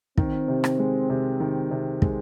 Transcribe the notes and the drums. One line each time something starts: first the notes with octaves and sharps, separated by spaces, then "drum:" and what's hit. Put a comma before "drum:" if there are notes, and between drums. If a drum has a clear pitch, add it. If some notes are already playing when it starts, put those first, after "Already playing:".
D#3 C4, drum: kick
C3
drum: rim click
G#3
C3
D#3
C3
G#3, drum: kick